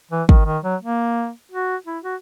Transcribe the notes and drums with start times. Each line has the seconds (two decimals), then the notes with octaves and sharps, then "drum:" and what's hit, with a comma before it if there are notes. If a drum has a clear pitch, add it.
0.11 E3
0.29 D#3, drum: kick
0.46 D#3
0.64 F#3
0.82 A#3
1.52 F#4
1.86 E4
2.03 F#4